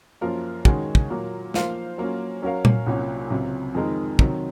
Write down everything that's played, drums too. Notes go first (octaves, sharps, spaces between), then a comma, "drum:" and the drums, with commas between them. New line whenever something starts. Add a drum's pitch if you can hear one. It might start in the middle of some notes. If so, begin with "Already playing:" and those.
F#2 F3 A#3 F4 A#4
D#3 G#3 C#4 F#4 C#5, drum: kick
drum: kick
A#2 F#3 A#3
F3 A#3 F4 C5 F5, drum: snare
F#3 A#3 C#4 F4
F#3 C#4 F#4 A#4 F5
drum: tom A#2
C2 A#2 F#3 C#4 F#4
C#2 C3 F#3
F2 D#3 G#3 D#4 A#4
C3 D#3 F#3, drum: kick